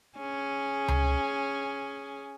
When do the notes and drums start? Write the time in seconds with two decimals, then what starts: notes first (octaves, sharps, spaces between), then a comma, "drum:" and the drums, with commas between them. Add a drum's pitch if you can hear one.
0.18 C#4 G#4
0.88 drum: tom C#2